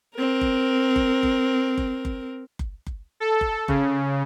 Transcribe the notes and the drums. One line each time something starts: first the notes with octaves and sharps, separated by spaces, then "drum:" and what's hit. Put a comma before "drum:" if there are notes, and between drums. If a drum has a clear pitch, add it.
C4 A#4
drum: kick F#1
drum: kick F#1
drum: kick F#1
drum: kick F#1
drum: kick F#1
drum: kick F#1
drum: kick F#1
A4
drum: kick F#1
C#3, drum: kick F#1